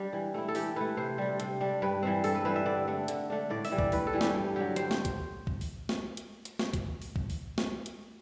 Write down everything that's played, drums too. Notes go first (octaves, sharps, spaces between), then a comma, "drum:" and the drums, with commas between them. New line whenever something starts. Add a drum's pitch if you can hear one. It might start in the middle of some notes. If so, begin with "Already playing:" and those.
Already playing: G3 D4 G4
E3
A3 E4
A4
E3 G4, drum: open hi-hat
A3 E4 B4
C3 C5
G3 D4
C3, drum: hi-hat
G3 D4
G2 B4
E3 G3 C4
G2 A4, drum: open hi-hat
B4
E3 G3 C4 B4
E5
D3 D5
A3 D4
D3, drum: hi-hat
A3 D4
A2 D5
E5, drum: open hi-hat
E3 G3
D5, drum: kick
A2 B4, drum: open hi-hat
A4
E3 G3
G4, drum: snare
G2
D3 F#3 G4
G2 C5, drum: hi-hat
drum: snare
drum: kick, hi-hat
drum: kick
drum: open hi-hat
drum: snare
drum: hi-hat
drum: hi-hat
drum: snare
drum: kick, hi-hat
drum: open hi-hat
drum: kick
drum: open hi-hat
drum: snare
drum: hi-hat